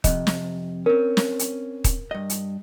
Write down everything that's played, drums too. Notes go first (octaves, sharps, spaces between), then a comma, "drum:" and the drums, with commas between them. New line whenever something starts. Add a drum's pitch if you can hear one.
F2 C3 D#5, drum: kick D#1, hi-hat
drum: snare
C4 C#4 A#4
drum: snare
drum: hi-hat
drum: kick D#1, hi-hat
G2 D#5
drum: hi-hat